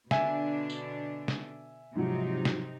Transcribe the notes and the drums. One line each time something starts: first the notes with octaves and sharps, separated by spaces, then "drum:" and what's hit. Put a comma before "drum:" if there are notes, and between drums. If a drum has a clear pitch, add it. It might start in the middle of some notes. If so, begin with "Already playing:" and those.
B2 D3 D4 E5 G#5, drum: snare
drum: tambourine
drum: snare
G#2 C3 F3 F#3 D#4
drum: snare